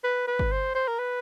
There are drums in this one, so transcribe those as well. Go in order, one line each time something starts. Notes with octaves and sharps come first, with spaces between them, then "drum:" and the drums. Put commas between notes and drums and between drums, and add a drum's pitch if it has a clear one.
B4
B4
drum: kick G1
C5
C5
A#4
B4